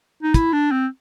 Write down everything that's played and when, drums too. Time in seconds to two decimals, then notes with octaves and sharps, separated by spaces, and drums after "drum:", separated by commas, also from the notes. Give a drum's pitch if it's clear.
0.23 D#4
0.34 E4, drum: kick, hi-hat
0.53 D4
0.72 C4